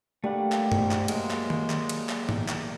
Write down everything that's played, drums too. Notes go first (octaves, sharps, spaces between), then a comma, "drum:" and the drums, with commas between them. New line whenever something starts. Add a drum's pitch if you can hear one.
G3 A3 A#3 D4 F#5
drum: clap
G#2, drum: tom
drum: clap
F#3 G#3 A#3 F#4, drum: cymbal
drum: clap
drum: tom D#3
drum: clap
drum: cymbal
drum: clap
drum: tom
drum: clap